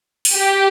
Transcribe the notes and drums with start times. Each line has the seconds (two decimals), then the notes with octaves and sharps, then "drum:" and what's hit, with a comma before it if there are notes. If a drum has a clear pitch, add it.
0.25 drum: open hi-hat
0.34 G4